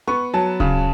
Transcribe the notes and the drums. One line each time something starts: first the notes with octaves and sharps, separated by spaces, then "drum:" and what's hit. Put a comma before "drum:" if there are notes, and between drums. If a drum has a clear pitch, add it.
B3 C#6
F#3 A5
C#3, drum: kick D1